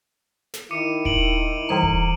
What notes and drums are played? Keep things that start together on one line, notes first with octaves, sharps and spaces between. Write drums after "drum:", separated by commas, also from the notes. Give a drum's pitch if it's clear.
drum: snare
D#3 E4 D6 C#7 D#7
D7 F#7, drum: kick D#1
E3 G3 A#5
drum: kick D#1